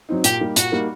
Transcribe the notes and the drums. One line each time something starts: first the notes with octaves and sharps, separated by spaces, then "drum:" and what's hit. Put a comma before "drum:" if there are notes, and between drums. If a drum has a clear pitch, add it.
F#3 C4 D#4
A#2 G4, drum: hi-hat
G3 A#3 D#4
A#2 F#4, drum: hi-hat
G3 A#3 D#4